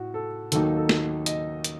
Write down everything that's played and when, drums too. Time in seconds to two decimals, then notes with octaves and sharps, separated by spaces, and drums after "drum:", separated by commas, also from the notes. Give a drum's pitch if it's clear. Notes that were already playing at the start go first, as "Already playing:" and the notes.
Already playing: A2 F#4
0.14 A4
0.52 D#2 D#3 F#3 A#3 D#4 A4, drum: hi-hat
0.77 A4
0.89 drum: snare
1.26 D#5, drum: hi-hat
1.64 drum: hi-hat